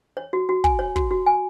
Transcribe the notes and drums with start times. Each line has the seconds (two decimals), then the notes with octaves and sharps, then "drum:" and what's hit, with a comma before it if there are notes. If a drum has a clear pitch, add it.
0.17 C#5
0.33 F#4
0.49 F#4
0.64 G#5, drum: kick
0.79 C#5
0.96 F#4, drum: kick
1.11 F#4
1.26 G#5